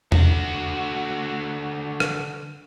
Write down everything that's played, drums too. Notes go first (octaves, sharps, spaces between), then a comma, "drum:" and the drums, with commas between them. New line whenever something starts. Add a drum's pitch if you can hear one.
D3 F#4, drum: tom E2
drum: rim click